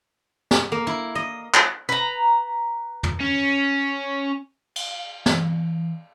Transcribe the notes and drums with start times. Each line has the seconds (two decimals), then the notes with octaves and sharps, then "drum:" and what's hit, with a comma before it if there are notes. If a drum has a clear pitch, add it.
0.51 drum: snare
0.72 A#3
0.87 E4
1.15 D#5
1.54 drum: clap
1.89 B4 A#5
3.03 drum: tom
3.20 C#4
4.76 drum: cymbal
5.26 E3, drum: snare